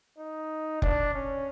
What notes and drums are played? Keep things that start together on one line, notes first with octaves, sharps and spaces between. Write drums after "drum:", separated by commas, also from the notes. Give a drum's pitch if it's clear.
D#4
D4, drum: kick F1
C#4